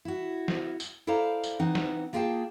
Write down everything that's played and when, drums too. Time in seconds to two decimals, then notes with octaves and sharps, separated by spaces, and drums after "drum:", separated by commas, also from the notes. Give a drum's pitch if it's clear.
0.05 E4 F#4
0.48 drum: snare
0.80 drum: tambourine
1.07 E4 A4 C5 D5 F5 A#5
1.43 drum: tambourine
1.59 E3 C4 D#4 F#5
1.75 drum: snare
2.13 A#3 F4 G#4 E5 G5 A5